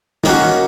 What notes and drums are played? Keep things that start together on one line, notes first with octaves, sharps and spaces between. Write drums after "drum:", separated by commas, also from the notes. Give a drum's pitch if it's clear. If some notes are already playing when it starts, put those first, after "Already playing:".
D#3 A#3 C#4 F#4, drum: snare